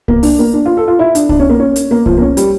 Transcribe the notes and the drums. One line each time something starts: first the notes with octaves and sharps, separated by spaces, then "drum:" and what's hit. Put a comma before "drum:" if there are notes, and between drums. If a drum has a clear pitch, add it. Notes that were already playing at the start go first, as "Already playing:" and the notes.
A#3, drum: kick C2
D4, drum: open hi-hat
A#3
D4
F4
A4
F4
E4
D4, drum: hi-hat
D4, drum: kick C2
C#4
A#3
C#4
drum: hi-hat
A#3
F3, drum: kick C2
A#3
C#4
G3, drum: hi-hat